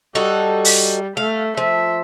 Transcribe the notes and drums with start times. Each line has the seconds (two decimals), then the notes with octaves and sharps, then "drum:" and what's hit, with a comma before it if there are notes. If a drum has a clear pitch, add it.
0.15 G3 D#4 F#4 A4
0.65 drum: open hi-hat
1.17 A3 F5
1.57 F3 E5